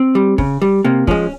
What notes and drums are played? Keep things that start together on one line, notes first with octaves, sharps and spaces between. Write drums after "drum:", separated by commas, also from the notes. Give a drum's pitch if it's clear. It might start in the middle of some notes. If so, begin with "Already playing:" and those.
Already playing: C4
G3
C#3, drum: kick
G3
C3 A#3
F3 G#3 C#4, drum: kick